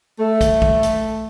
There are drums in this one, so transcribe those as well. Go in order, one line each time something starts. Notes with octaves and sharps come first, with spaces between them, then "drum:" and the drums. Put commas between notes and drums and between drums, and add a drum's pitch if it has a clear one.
A3
drum: kick, hi-hat
drum: kick
drum: hi-hat